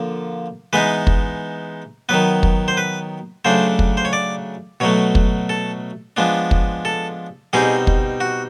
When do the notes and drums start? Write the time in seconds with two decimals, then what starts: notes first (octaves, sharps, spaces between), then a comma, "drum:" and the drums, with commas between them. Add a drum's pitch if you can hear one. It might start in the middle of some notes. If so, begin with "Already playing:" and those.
Already playing: D3 F3 A#3
0.73 E3 G#3 B3 D#4 B4
1.07 drum: kick
2.09 D#3 F#3 B3 B4
2.43 drum: kick
2.68 C5
2.77 B4
3.45 C#3 F#3 A3 D4 C5
3.79 drum: kick
3.97 C5
4.05 C#5
4.13 D5
4.80 B2 F#3 A3 C#5
5.15 drum: kick
5.49 A4
6.17 F3 G#3 B3 D4
6.51 drum: kick
6.85 A4
7.53 B2 G3 C4 D#4 G#4
7.87 drum: kick
8.21 F#4